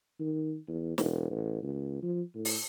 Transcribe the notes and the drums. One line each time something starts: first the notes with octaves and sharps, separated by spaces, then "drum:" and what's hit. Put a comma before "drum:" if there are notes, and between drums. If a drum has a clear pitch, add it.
D#3
E2
E1, drum: snare
A1
C#2
F3
A2
drum: open hi-hat